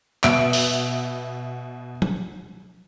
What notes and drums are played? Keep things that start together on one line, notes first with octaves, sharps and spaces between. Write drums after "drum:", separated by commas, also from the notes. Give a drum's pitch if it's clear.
B2 B3 E5 D7, drum: clap
drum: open hi-hat
drum: tom F3